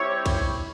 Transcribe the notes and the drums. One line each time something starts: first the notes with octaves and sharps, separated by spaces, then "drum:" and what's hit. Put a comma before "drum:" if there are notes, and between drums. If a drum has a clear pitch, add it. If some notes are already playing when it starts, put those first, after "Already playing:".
Already playing: G3 C4 E4 G4 C#5
drum: kick, cymbal